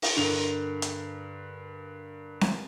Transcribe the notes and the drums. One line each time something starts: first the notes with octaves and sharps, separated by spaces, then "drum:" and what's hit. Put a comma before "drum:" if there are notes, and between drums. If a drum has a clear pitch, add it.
drum: open hi-hat
G2 D3 A#4 F7
drum: hi-hat
drum: snare C4